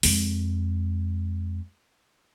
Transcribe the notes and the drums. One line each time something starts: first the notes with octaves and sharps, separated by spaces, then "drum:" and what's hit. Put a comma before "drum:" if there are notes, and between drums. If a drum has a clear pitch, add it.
F2 G#3, drum: open hi-hat